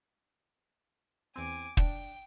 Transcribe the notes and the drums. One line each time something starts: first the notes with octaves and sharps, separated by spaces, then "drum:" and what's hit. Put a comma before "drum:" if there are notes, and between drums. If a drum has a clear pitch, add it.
E2 C4 G#5 D6
D4 G5, drum: kick